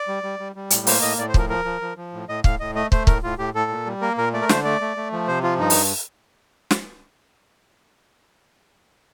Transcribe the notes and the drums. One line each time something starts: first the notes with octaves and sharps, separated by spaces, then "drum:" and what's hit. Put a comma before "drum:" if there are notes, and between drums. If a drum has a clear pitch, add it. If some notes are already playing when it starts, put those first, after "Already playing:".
Already playing: D5
G3
G3
G3
G3
A2, drum: hi-hat
A#3 C5, drum: open hi-hat
A2 D#5
A2 D5
C5
F3 A#4, drum: kick
F3 A#4
F3
F3
F3
A2
A2 D#5
A2 F5, drum: kick
A2 D#5
A3 D#5
A3 C5, drum: kick
A2 A#4, drum: kick
A2 F4
A2 G4
A2 A4
A#2
G3
A#3 A#4
A#2 A#4
A3 D5
A#4
D3 C5, drum: snare
A3 D5
A3
A3
F3
C3 C5
F3 F4
G2 D#4
drum: open hi-hat
drum: snare